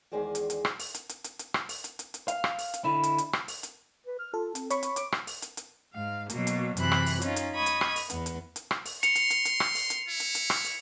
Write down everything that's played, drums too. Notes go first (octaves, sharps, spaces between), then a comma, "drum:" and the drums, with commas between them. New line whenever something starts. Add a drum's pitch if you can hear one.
E2 D#3 G#3 G#4 C5 D5
drum: hi-hat
drum: hi-hat
drum: rim click
drum: open hi-hat
drum: hi-hat
drum: hi-hat
drum: hi-hat
drum: hi-hat
drum: rim click
drum: open hi-hat
drum: hi-hat
drum: hi-hat
drum: hi-hat
F5, drum: hi-hat
drum: rim click
drum: open hi-hat
drum: hi-hat
D3 E4
drum: hi-hat
drum: hi-hat
drum: rim click
drum: open hi-hat
drum: hi-hat
B4
F6
F4 A4
C4, drum: hi-hat
C#5 B5 C#6, drum: hi-hat
drum: hi-hat
D6, drum: hi-hat
drum: rim click
drum: open hi-hat
drum: hi-hat
drum: hi-hat
G#2 F5
B2 F#3 A#3, drum: hi-hat
drum: hi-hat
F#2 C3 E3 B5 F#6, drum: hi-hat
drum: rim click
drum: open hi-hat
C#4 D#4 F4, drum: hi-hat
drum: hi-hat
D#5 B5 C#6 D#6 G#6
drum: hi-hat
drum: rim click
drum: open hi-hat
E2 B3, drum: hi-hat
drum: hi-hat
drum: hi-hat
drum: rim click
drum: open hi-hat
C6 C#7 F7, drum: hi-hat
drum: hi-hat
drum: hi-hat
drum: hi-hat
drum: rim click
drum: open hi-hat
drum: hi-hat
E4
drum: hi-hat
drum: hi-hat
drum: rim click
drum: open hi-hat